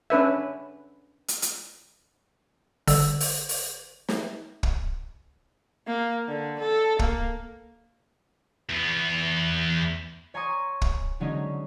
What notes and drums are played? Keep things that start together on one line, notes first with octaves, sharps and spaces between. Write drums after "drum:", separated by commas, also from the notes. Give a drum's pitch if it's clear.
C#4 D4 B4 E5
drum: hi-hat
drum: hi-hat
G1 D3 E6, drum: open hi-hat
drum: open hi-hat
drum: open hi-hat
drum: snare
drum: kick
A#3
D3
A4
A#3, drum: kick
E2 B3
C#5 G#5 A#5 C6 C#6 D#6
drum: kick
D3 F#3 G#3 C#4 D#4